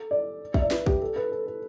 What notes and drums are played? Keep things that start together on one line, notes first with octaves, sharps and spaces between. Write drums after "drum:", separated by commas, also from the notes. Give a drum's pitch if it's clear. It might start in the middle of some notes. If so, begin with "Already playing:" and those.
Already playing: A4
D5
E5, drum: kick
D5
B4, drum: snare
G4, drum: kick
A4
B4
A4
A4